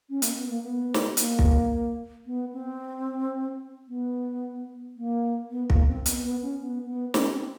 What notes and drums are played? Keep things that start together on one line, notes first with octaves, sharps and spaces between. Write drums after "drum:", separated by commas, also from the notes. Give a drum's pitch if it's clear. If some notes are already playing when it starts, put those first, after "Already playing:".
C#4
A#3, drum: hi-hat
B3
A#3
B3
drum: snare
A#3, drum: hi-hat
drum: kick
B3
C4
B3
A#3
B3
A#3, drum: kick
C4
B3, drum: hi-hat
B3
C#4
B3
B3
C#4, drum: snare
C4